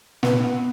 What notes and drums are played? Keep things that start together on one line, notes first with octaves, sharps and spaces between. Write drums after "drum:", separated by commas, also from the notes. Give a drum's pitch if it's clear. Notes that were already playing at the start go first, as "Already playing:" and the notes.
B3, drum: snare